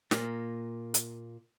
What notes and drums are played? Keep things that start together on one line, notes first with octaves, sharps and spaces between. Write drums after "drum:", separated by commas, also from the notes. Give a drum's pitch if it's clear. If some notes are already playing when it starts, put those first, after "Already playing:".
A#2 A#3, drum: snare
drum: hi-hat